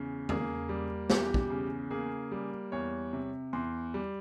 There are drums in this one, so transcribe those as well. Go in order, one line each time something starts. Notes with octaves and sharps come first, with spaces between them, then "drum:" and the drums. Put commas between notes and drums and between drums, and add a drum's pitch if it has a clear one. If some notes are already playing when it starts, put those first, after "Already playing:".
Already playing: E2 C#3
A#3 G#4, drum: tom E2
G3
E2 G4, drum: snare
drum: kick
C#3
A#3 G#4
G3
E2 C#5
C3
E2 C6
G3